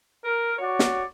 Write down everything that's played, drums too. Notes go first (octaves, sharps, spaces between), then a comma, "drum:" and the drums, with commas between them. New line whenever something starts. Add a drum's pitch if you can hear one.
A#4
F#4 C#5 D5
drum: snare